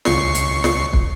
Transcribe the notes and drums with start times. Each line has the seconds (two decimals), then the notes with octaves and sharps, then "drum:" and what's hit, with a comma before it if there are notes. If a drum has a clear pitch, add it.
0.05 C#2 C#6 C7, drum: snare
0.35 drum: hi-hat
0.64 drum: snare
0.93 drum: kick